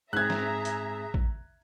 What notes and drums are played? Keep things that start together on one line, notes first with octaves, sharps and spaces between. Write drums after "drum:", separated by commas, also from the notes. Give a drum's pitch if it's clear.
G#2 C4 G#4 E5 A#5 F#6 G#6
drum: snare
drum: hi-hat
drum: kick A1